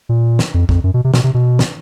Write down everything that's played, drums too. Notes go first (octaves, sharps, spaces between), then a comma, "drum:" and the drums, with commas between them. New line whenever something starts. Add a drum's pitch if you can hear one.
A#2
drum: snare
F2
F2, drum: kick A#1
F#2
B2
C3
B2, drum: snare
C3
B2
drum: snare